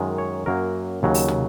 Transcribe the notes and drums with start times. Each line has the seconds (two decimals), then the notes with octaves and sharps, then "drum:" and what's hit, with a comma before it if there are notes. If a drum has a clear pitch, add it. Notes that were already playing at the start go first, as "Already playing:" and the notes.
Already playing: F#2 D#3 G#3
0.18 C#5
0.46 F#2 F#3 A#3 A#4
1.03 D#2 C#3 F#3
1.14 drum: open hi-hat
1.28 drum: tom